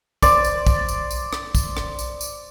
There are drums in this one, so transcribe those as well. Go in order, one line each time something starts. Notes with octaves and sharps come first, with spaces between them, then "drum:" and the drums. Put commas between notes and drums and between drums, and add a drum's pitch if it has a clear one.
C5 D5, drum: kick, tambourine
drum: tambourine
drum: kick, tambourine
drum: tambourine
drum: tambourine
drum: rim click
drum: kick, tambourine
drum: rim click
drum: tambourine
drum: tambourine